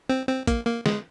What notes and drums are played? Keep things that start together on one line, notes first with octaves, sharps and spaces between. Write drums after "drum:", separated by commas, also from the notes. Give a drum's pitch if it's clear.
C4
C4
A#3, drum: kick A1, hi-hat
A#3
G#3, drum: snare